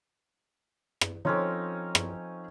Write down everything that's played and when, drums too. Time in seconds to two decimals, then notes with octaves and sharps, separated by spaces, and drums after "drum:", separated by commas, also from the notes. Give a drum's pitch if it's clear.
1.01 drum: rim click
1.25 F3 C4 C#4 D#4 A4 C#5 C6 D#6
1.95 drum: rim click